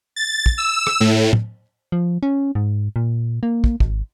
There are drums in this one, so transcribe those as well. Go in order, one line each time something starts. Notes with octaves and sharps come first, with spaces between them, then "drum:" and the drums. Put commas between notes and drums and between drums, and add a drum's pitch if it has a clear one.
A6
drum: kick
E6
drum: rim click
A2
drum: tom
F3
C#4
G#2
A#2
A#3
drum: kick
G#1, drum: kick